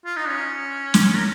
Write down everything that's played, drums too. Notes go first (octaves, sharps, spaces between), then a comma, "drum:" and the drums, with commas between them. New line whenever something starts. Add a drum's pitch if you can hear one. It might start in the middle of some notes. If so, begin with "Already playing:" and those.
F4
D#4
C#4
drum: snare
A#4